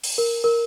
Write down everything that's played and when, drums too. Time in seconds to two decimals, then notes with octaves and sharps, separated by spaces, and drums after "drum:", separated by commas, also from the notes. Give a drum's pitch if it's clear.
0.04 drum: open hi-hat
0.18 A#4
0.44 A#4